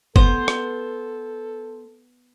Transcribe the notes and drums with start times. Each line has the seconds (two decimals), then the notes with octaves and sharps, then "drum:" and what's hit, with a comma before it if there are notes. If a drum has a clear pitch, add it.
0.16 B3 A4 C5, drum: kick
0.48 drum: rim click